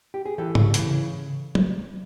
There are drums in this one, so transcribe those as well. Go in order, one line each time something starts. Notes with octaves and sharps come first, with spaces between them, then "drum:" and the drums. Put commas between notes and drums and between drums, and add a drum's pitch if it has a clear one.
G4
G#4
E3 G4 A4
C#3, drum: tom G#2
E3, drum: hi-hat
C#3
drum: tom